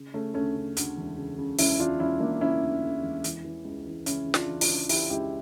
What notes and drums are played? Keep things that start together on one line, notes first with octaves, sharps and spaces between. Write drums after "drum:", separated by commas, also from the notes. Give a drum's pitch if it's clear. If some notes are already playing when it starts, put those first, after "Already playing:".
Already playing: C#3
C#3 A3 C#4
D2 A3 C#4
C#3
D2, drum: hi-hat
E1
C#3
C#3
E1 C#4 E4, drum: open hi-hat
E1 D4 F4
E1 C#4 E4
E1 A#3 D4
C#3 C#4 E4
D2
C#3
E1
E3, drum: hi-hat
E3
C#2
E3
C#3 C#4 E4, drum: hi-hat
C#3
D4 F4, drum: snare
E3
D4 F4, drum: open hi-hat
C#3
E3 E4 G4, drum: open hi-hat
C#2 E4 G4